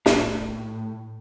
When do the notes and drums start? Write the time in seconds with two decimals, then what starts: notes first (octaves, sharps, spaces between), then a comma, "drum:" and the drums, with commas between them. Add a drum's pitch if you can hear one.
0.06 A2, drum: snare